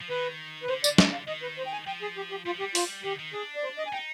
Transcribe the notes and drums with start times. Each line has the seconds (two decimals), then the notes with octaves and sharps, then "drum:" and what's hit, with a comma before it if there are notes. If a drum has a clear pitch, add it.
0.01 F3
0.10 D#3 B4
0.63 B4
0.69 D3 C5
0.84 D5, drum: tambourine
0.98 D#5, drum: snare
1.12 F5
1.28 D#3 D#5
1.42 B4
1.58 C5
1.66 G5
1.73 G#5
1.87 F3 G5
2.02 G#4
2.17 G4
2.31 G4
2.46 G3 F4
2.54 F3
2.60 G3 G4
2.75 F4, drum: open hi-hat
3.04 D#3 G4
3.19 D#3
3.33 D4 G#4
3.56 D5
3.64 C5
3.78 D#5
3.87 G#5
3.93 D#4 G5